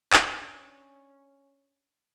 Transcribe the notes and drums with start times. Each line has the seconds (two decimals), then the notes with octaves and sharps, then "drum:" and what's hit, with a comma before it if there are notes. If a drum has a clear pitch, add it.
0.13 C#4 D4 B4, drum: clap